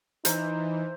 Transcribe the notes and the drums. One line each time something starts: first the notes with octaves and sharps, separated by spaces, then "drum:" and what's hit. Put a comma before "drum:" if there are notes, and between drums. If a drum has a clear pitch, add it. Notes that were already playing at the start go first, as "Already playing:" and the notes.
E3 D#4 C5 A#5, drum: hi-hat